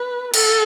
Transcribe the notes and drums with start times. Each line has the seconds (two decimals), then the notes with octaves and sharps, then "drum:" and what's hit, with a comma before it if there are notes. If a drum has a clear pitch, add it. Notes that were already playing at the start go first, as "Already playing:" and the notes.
Already playing: B4
0.34 A4, drum: cymbal